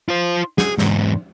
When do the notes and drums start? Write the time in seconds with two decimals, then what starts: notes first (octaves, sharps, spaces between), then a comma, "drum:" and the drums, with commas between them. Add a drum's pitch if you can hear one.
0.09 F4 C5
0.58 G#4, drum: snare
0.78 E2 G#2, drum: snare